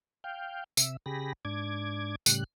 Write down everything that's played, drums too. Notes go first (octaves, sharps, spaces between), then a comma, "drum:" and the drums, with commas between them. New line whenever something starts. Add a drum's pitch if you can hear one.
F5 G5
C3 E5, drum: tambourine
C#3 G4 G#4 B5 A#6
G#2 D4 D6 G#6
A2 C#3 G3 F#6, drum: tambourine